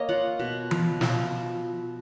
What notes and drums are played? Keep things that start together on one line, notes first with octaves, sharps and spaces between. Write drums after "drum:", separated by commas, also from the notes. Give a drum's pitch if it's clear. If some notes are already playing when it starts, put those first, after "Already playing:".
Already playing: A#3 C#5 D#5
F4 F#5
B2
F4, drum: tom E3
F3, drum: snare